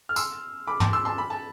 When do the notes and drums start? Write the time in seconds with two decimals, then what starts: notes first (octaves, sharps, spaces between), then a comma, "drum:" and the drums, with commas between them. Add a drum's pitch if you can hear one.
0.09 F6
0.16 C6 E6, drum: tambourine
0.67 B5 D6
0.80 A5 C6, drum: tom
0.93 C6 E6
1.05 A5 C6
1.18 B5
1.30 A5